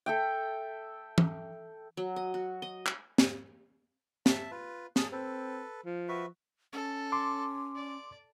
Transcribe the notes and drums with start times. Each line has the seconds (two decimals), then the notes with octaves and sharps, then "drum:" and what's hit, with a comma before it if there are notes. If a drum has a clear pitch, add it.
0.06 A4 E5 G5
1.18 drum: tom E3
1.97 F#3
2.16 D#5
2.34 F#4
2.62 D#5
2.86 drum: clap
3.18 drum: snare
4.26 E5 A5, drum: snare
4.51 F4 B4
4.96 G#4 A5, drum: snare
5.12 C4 A4 B4
5.86 F3
6.09 F#4 B4 E5
6.73 C#4 A4
7.12 C6 D6
7.75 D5